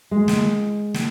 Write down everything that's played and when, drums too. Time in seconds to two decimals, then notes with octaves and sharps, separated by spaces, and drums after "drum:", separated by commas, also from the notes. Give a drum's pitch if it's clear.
0.11 G#3
0.28 drum: snare
0.95 drum: snare